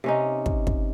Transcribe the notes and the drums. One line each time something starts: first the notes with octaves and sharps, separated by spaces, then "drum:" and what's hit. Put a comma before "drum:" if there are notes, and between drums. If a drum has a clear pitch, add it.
C3 C#4 D#4
drum: kick
drum: kick